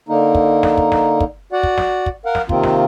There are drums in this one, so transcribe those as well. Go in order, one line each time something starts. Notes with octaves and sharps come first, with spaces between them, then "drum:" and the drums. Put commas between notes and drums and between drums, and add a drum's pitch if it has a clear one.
D3 A#3 D#4
drum: kick
drum: snare
drum: kick
drum: snare
drum: kick
F#4 D5 F#5
drum: kick
drum: snare
drum: kick
A#4 F5 F#5
drum: snare
C3 D#3 A#3 C4 F4, drum: kick
drum: snare